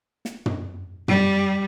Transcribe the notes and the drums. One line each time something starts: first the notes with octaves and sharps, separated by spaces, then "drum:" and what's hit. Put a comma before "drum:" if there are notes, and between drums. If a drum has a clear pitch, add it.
drum: snare
drum: tom
G3, drum: tom